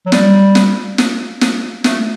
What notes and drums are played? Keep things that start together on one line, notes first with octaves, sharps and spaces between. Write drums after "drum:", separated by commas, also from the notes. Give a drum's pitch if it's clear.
F#3
G3, drum: snare
drum: snare
drum: snare
drum: snare
A3, drum: snare